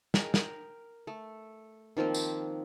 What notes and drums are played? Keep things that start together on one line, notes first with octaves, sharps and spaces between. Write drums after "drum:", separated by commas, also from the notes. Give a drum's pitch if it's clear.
G#3 A#4 G5, drum: snare
A#4, drum: snare
A3
D#3 F3 A#3 C4
drum: tambourine